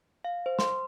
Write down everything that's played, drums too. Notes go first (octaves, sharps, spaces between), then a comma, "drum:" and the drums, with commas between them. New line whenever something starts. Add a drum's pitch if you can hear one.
F5
C5
C6, drum: snare